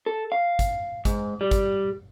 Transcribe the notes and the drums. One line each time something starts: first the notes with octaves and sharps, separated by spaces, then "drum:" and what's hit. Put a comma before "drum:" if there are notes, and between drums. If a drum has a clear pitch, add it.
A4
F5
drum: kick G#1, hi-hat
G#2, drum: kick G#1, hi-hat
G3
drum: kick G#1, hi-hat